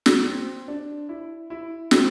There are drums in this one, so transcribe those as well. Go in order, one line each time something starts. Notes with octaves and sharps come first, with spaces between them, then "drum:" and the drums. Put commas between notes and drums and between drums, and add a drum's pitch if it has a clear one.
drum: snare
C4
D4
E4
E4
C4, drum: snare